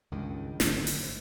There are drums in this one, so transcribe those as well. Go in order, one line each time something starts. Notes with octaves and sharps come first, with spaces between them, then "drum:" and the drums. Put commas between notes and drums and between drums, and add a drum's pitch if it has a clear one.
C#2 G2 D#3
D1 G#1, drum: snare
drum: open hi-hat